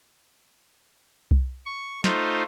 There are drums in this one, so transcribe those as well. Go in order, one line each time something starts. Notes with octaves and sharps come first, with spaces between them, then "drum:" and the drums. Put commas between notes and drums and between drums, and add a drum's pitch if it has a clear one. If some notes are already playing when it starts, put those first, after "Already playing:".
drum: kick C2
C#6
A3 D#4 F4 C5, drum: snare